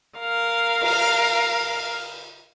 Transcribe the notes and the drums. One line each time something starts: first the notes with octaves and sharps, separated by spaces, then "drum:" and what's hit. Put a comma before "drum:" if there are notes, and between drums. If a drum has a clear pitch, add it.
A#4 F5
drum: cymbal